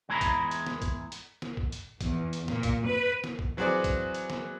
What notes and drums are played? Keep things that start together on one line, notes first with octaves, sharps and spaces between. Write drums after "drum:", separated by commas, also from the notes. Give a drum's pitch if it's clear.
E2 G#3 E4 G#4 A#5 B5
drum: kick, hi-hat
drum: hi-hat
drum: snare
drum: kick, hi-hat
drum: hi-hat
drum: snare
drum: kick
drum: hi-hat
E2, drum: kick, hi-hat
drum: hi-hat
A#2, drum: snare
drum: kick, hi-hat
B4
drum: snare
drum: kick
E3 F#3 C4 F#4 G#4 D5
drum: kick, hi-hat
drum: hi-hat
drum: snare